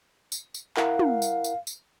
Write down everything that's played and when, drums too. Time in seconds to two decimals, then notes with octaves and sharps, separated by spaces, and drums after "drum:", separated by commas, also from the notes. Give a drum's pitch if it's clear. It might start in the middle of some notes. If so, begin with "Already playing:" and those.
0.32 drum: tambourine
0.54 drum: tambourine
0.77 E4 A#4 F5 F#5, drum: clap
0.99 drum: tom
1.22 drum: tambourine
1.44 drum: tambourine
1.67 drum: tambourine